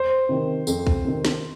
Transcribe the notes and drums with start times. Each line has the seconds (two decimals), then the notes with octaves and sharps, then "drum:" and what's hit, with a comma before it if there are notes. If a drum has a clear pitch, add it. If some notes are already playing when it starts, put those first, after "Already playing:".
Already playing: C5
0.29 C3 D#3 C4
0.67 F2, drum: tambourine
0.87 drum: kick
1.05 C3 D#3 C4
1.25 drum: snare